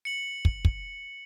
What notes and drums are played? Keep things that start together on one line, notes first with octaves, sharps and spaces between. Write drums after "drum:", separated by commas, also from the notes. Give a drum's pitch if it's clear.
C#7 F#7
drum: kick
drum: kick